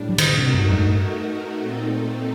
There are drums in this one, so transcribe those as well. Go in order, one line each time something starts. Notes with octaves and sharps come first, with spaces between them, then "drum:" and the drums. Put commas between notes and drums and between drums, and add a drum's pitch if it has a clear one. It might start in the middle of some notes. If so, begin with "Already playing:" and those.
Already playing: A2 G3 D4
F#3
D#3, drum: cymbal
D3
C3 A3 D#4 F#4 A#4
G2
F#2
G2
G2
A#2 A3 C4 D#4 A4